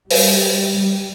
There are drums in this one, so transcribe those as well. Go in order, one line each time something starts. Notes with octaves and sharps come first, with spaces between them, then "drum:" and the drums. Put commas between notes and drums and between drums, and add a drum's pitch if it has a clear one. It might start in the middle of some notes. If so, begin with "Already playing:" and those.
G3, drum: open hi-hat
G3